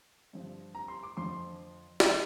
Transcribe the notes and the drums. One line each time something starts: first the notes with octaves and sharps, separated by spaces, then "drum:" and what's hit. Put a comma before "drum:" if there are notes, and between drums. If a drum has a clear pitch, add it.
G2 D3 F3
A#5
C6
D6
F2 D3 F3 C6
D#3 G3 A#5, drum: snare